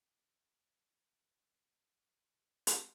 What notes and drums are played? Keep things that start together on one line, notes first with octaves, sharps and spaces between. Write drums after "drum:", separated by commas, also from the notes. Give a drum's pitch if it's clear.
G#4
D6
B5
A#4
F#6
drum: hi-hat